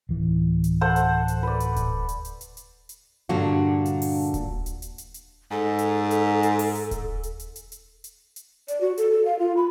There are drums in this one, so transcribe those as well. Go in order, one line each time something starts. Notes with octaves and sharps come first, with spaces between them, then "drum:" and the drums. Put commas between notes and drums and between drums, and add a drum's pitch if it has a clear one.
D1 E3
drum: hi-hat
A4 C5 F#5
drum: hi-hat
drum: hi-hat
B4 D5
drum: hi-hat
drum: kick D#1, hi-hat
drum: hi-hat
drum: hi-hat
drum: hi-hat
drum: hi-hat
drum: hi-hat
G2 A#2 D3 A#3 D4 F#4
drum: hi-hat
drum: open hi-hat
drum: kick D#1, hi-hat
drum: hi-hat
drum: hi-hat
drum: hi-hat
drum: hi-hat
G#2 A4
drum: hi-hat
drum: hi-hat
drum: hi-hat
drum: open hi-hat
drum: hi-hat
drum: kick D#1, hi-hat
drum: hi-hat
drum: hi-hat
drum: hi-hat
drum: hi-hat
drum: hi-hat
drum: hi-hat
D5, drum: hi-hat
F#4
A4, drum: hi-hat
A4
F5
F4
B5